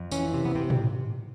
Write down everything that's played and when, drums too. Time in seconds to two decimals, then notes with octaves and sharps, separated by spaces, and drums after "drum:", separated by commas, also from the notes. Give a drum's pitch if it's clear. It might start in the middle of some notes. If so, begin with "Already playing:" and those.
Already playing: F2
0.11 E3 C#4, drum: tambourine
0.34 C3
0.45 B3
0.55 C3 C4
0.70 drum: tom